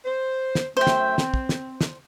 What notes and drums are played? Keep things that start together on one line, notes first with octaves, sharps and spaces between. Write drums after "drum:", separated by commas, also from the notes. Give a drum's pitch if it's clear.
C5
drum: snare
F#2 A3 C5 E5 G5
drum: snare
C4, drum: snare
drum: kick
drum: snare
drum: snare